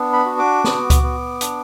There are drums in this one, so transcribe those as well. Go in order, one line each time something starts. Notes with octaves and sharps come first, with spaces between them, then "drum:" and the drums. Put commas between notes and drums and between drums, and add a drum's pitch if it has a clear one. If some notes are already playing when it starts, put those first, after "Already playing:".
Already playing: B3 D4
B5
F#4
D6
B3, drum: snare
drum: kick C#2, hi-hat
B3
D4, drum: hi-hat